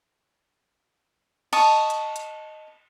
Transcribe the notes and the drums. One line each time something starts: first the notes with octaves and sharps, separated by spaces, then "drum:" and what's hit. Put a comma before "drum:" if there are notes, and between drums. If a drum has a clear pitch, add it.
D#5 A5 C#6, drum: cymbal
drum: hi-hat
drum: hi-hat